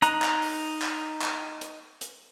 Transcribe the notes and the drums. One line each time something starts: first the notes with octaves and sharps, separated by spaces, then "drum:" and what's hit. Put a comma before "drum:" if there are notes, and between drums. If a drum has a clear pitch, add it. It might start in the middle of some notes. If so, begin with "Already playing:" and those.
D#4 A#5 F#6, drum: hi-hat
drum: clap
drum: open hi-hat
drum: clap
drum: clap
drum: hi-hat
drum: hi-hat